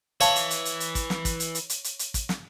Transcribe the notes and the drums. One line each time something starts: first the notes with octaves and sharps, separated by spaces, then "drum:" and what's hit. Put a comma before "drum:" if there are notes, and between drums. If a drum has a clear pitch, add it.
E3 C#5 F5 A5, drum: hi-hat
drum: hi-hat
drum: hi-hat
drum: hi-hat
drum: hi-hat
drum: kick, hi-hat
drum: snare
drum: kick, hi-hat
drum: hi-hat
drum: hi-hat
drum: hi-hat
drum: hi-hat
drum: hi-hat
drum: kick, hi-hat
drum: snare